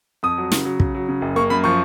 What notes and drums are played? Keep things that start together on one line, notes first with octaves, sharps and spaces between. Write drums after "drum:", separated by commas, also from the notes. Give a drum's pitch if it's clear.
F2 D#6
F#3
C#3, drum: snare
F#3
C#3, drum: kick
F#3
C#3
F#1
A#3 C#6
F#2 B5
F3 C#6